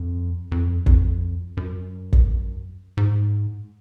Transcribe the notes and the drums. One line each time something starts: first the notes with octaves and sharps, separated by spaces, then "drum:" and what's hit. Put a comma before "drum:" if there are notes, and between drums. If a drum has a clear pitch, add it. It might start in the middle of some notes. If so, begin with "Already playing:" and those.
Already playing: F2
F2
F2, drum: kick
F#2
drum: kick
G#2